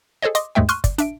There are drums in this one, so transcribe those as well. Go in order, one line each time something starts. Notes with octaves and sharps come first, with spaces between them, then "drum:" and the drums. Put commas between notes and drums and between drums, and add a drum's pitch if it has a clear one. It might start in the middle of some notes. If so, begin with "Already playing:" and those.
G#4 A4 C5 C#5 D#5
D#5 C6 D6 D#6, drum: hi-hat
D#2 G#2 G#3 A3 E5 G5
C6 C#6 F6 F#6 D#7, drum: hi-hat
D5, drum: kick, hi-hat
D4 E5 D7, drum: hi-hat